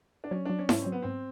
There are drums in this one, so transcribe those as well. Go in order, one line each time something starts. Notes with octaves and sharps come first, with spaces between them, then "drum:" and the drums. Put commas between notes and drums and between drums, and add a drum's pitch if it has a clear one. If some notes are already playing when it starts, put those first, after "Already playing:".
D4
F#3 C#4
F#3 D4
C#4
G#2 C#4, drum: snare E4
F#3 C4
B3
G#2 C4